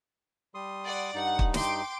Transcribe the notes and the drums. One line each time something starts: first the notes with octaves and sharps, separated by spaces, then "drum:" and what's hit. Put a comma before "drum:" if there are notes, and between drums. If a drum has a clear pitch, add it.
G3 C6 D#6
D5 F#5
G2 D#4 F#5
drum: kick
G5 C6 D6, drum: snare